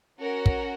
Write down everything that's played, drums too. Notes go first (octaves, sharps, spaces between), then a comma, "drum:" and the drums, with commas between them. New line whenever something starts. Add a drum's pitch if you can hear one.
C#4 F#4 A#4
drum: kick